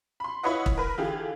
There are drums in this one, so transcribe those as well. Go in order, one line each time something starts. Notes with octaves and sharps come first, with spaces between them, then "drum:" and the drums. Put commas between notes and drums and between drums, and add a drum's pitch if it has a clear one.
B5 C6
E4 F4 B4 C#5 D#5 F#5
drum: kick
A#4 B4 B5
D3 E3 F4 G4 G#4